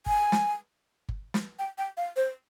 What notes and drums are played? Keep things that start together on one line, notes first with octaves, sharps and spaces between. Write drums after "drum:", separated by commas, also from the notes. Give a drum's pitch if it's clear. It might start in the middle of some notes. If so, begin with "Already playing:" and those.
G#5, drum: kick G1
drum: snare
drum: kick G1
drum: snare
G5
G5
F5
C5